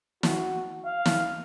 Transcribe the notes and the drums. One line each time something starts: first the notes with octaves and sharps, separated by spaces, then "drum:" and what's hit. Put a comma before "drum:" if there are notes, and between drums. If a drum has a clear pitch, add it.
F#4, drum: snare
F5
drum: snare